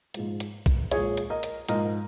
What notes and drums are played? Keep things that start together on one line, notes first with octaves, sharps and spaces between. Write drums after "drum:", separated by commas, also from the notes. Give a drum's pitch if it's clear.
G#2 F3 G#3, drum: hi-hat
drum: hi-hat
drum: kick B1, hi-hat
A#2 F3 G#3 G#4 C#5, drum: hi-hat
drum: hi-hat
A#4 D#5
drum: hi-hat
G#2 F3 G#3 A#4 D#5, drum: hi-hat